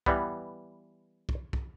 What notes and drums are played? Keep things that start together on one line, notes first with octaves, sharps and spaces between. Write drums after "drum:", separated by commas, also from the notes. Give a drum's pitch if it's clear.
E3 G3 B3, drum: kick
drum: kick
drum: kick